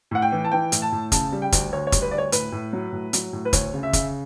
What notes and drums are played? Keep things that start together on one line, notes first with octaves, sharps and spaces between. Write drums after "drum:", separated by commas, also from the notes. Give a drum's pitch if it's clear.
A2 F#5
G5
E3
A5
E3 G5
A2, drum: hi-hat
A5
A2
C#3 A5, drum: kick, hi-hat
G3
G5
D2, drum: kick, hi-hat
D2 C#5
C#5
G3, drum: kick, hi-hat
B4
D2 D5
C#5
A2 B4, drum: hi-hat
A2
F#3
A2
F#3, drum: hi-hat
A2
B4
D2 C#5, drum: kick, hi-hat
C#3
E5
C#3, drum: kick, hi-hat